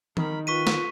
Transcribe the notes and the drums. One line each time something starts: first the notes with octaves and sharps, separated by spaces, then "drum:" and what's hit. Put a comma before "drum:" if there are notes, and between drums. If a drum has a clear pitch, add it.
D#3 A#4 B5, drum: tom
F4 B4 C#6 B6 D#7
drum: snare